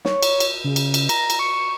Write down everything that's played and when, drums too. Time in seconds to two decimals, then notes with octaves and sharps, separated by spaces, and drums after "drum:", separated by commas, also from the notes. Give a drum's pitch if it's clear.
0.05 C#5, drum: snare
0.23 drum: cymbal
0.40 drum: cymbal
0.64 C#3
0.76 drum: cymbal
0.94 drum: cymbal
1.09 A#5, drum: cymbal
1.30 drum: cymbal
1.39 C#6